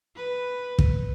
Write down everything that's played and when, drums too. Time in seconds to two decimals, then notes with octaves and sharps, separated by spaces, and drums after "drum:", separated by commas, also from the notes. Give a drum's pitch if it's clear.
0.16 B4
0.79 drum: kick